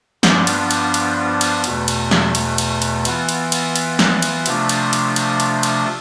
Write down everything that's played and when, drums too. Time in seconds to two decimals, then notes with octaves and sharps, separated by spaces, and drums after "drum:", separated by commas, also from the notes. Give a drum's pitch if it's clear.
0.23 G2 F3 B3 D4 F4, drum: snare
0.47 drum: cymbal
0.71 drum: cymbal
0.94 drum: cymbal
1.41 drum: cymbal
1.64 E2 B2 A3, drum: cymbal
1.88 drum: cymbal
2.11 drum: snare
2.35 drum: cymbal
2.58 drum: cymbal
2.82 drum: cymbal
3.05 E3 B3 F4, drum: cymbal
3.29 drum: cymbal
3.52 drum: cymbal
3.76 drum: cymbal
3.99 drum: snare
4.22 drum: cymbal
4.46 C3 F3 A3 D4 F4, drum: cymbal
4.69 drum: cymbal
4.93 drum: cymbal
5.16 drum: cymbal
5.40 drum: cymbal
5.63 drum: cymbal